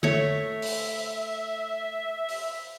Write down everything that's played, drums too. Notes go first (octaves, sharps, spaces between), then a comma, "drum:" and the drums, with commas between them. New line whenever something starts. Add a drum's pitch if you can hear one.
A3 C#5 E5, drum: tom D3
drum: open hi-hat
drum: open hi-hat